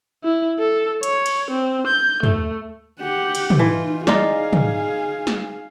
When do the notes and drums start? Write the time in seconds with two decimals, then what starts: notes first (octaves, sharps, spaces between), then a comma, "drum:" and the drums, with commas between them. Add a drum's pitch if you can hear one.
0.24 E4
0.59 A4
1.03 C#5, drum: hi-hat
1.26 drum: cymbal
1.51 C4
1.87 G6
2.23 A3, drum: tom
3.00 G4 F#5
3.35 drum: cymbal
3.50 drum: tom
3.59 E3 D#4 F4
4.07 D#4 F4 G#4 D5 F5, drum: snare
4.53 drum: tom
5.27 drum: snare